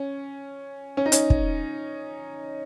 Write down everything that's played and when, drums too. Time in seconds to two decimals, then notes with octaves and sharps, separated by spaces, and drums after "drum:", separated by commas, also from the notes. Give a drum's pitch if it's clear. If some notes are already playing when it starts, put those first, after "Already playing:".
Already playing: C#4
0.97 C#4
1.06 D#4
1.12 C#4, drum: hi-hat
1.30 drum: kick